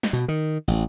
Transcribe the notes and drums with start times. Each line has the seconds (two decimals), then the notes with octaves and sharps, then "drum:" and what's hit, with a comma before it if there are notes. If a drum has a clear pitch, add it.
0.03 drum: snare
0.13 B2
0.28 D#3
0.68 A1